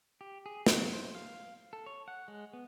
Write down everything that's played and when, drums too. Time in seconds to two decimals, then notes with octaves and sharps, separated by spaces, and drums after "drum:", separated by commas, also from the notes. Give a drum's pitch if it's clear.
0.21 G4
0.46 G#4
0.66 F#3, drum: snare
0.93 C5
1.15 F5
1.73 A4
1.86 C#5
2.08 F#5
2.28 G#3
2.53 B3